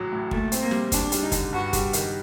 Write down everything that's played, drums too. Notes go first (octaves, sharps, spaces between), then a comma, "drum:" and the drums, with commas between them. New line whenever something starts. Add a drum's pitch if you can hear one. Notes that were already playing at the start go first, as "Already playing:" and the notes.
Already playing: A1 F#3
A2
A#2 A3, drum: kick
C4, drum: hi-hat
A#3
G3, drum: snare
D2 D4, drum: kick, hi-hat
G3, drum: hi-hat
D#4
D3, drum: kick, hi-hat
G2 F#4
G3, drum: kick, hi-hat
D#3, drum: hi-hat